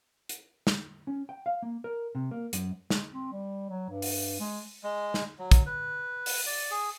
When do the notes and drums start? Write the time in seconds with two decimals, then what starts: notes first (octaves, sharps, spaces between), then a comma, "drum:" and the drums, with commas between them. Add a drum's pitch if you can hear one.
0.29 drum: hi-hat
0.67 drum: snare
1.07 C#4
1.29 G5
1.46 F5
1.62 A#3
1.84 A#4
2.15 C3
2.31 A#3
2.53 F#2, drum: hi-hat
2.90 G#3, drum: snare
3.11 C4
3.32 G3
3.70 F#3
3.90 G2
4.02 drum: open hi-hat
4.40 G#3
4.84 G#3
5.14 drum: snare
5.39 F#3
5.51 drum: kick, hi-hat
5.66 B4
6.26 drum: open hi-hat
6.46 D5
6.71 G#4